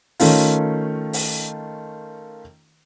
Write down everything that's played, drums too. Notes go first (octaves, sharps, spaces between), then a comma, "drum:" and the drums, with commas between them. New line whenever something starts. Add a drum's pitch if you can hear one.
D#3 A3 C#4 F4, drum: open hi-hat
drum: open hi-hat